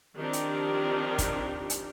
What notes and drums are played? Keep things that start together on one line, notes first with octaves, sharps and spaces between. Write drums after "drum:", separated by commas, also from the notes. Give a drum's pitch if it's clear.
D#3 F3 C4 D4 G4 A#4
drum: hi-hat
drum: kick, hi-hat
drum: hi-hat